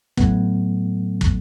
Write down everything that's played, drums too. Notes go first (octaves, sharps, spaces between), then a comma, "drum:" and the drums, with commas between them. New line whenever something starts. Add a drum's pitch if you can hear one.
A2 F#3 A3 B3, drum: kick
drum: kick